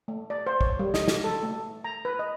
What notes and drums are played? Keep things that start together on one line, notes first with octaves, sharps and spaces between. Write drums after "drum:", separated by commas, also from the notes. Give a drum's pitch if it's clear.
A3
D5
C5
C#5, drum: kick
G3
D#5, drum: snare
F#4, drum: snare
A4
A3
A#5
B4
D#5